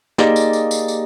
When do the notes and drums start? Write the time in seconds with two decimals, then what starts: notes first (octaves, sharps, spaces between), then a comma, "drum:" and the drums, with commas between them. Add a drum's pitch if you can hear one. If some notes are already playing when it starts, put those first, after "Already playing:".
0.18 A#3 D#4 G4 G#4 D5 D#5, drum: snare
0.36 drum: tambourine
0.53 drum: tambourine
0.71 drum: tambourine
0.88 drum: tambourine